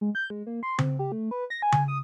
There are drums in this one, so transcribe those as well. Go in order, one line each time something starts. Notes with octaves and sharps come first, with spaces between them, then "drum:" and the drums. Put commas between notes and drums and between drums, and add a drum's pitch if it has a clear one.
G#3
G6
G#3
A#3
C6
C4, drum: tom C#3
G4
A3
B4
A#6
G#5
drum: tom C#3
D#6